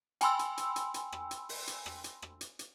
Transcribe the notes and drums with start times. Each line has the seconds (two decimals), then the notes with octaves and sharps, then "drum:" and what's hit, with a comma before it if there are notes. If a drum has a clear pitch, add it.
0.21 G5 G#5 B5 C6 E6, drum: hi-hat
0.39 drum: hi-hat
0.57 drum: hi-hat
0.76 drum: hi-hat
0.94 drum: hi-hat
1.12 drum: rim click
1.31 drum: hi-hat
1.49 drum: open hi-hat
1.67 drum: hi-hat
1.86 drum: rim click
2.04 drum: hi-hat
2.22 drum: rim click
2.41 drum: hi-hat
2.59 drum: hi-hat